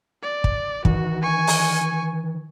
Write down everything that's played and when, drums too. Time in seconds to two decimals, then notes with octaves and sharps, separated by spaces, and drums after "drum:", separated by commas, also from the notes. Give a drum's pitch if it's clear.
0.23 D5
0.44 drum: kick
0.85 D#3 E3 F#4, drum: kick
1.23 G#5 C#6
1.47 drum: open hi-hat